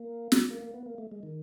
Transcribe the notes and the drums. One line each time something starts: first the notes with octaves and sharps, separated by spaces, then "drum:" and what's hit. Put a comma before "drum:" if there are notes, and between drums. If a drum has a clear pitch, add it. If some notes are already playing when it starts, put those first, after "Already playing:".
Already playing: A#3
drum: snare
A#3
A#3
B3
A#3
A3
G#3
D#3